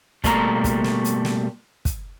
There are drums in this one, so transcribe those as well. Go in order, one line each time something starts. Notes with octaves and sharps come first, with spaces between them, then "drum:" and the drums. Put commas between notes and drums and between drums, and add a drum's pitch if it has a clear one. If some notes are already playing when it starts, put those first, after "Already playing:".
B2 G3 A3 A#3 E5 A#5, drum: kick, hi-hat
drum: kick, hi-hat
drum: snare
drum: hi-hat
drum: snare
drum: kick, hi-hat